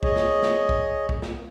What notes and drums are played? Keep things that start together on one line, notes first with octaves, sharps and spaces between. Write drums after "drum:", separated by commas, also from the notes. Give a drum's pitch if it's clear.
G#4 C#5 D#5, drum: kick B1
drum: snare
drum: snare
drum: kick B1
drum: kick B1
drum: snare